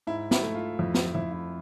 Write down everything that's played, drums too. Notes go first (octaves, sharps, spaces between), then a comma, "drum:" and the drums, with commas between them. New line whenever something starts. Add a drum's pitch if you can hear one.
G#2 E4
E4, drum: snare
A3
F4
F2 E4
drum: snare
F2 E4
E4